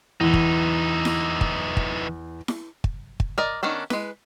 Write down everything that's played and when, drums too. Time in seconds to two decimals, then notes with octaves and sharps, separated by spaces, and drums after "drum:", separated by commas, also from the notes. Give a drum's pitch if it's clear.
0.21 E2 E3 D#4
0.34 drum: kick
1.05 drum: snare E4
1.41 drum: kick
1.77 drum: kick
2.48 drum: snare E4
2.84 drum: kick
3.20 drum: kick
3.38 A#4 D5 D#5
3.63 D#3 B3 C#4 D4
3.90 G#3 B4, drum: snare E4